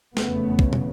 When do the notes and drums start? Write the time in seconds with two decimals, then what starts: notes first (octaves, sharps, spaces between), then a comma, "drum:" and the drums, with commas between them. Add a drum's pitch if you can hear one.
0.17 F1 E2 C#3 A3 B3, drum: snare
0.59 drum: kick
0.73 drum: tom